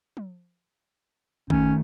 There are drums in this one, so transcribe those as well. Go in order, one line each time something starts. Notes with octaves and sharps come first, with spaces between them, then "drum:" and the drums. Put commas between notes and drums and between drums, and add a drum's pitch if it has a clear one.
drum: tom
D#3 A3 C#4, drum: kick G#1